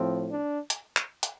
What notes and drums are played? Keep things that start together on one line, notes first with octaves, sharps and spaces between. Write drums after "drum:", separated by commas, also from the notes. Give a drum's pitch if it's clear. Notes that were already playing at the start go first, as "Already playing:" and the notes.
Already playing: A2 F3 C4
D4
drum: hi-hat
drum: clap
drum: hi-hat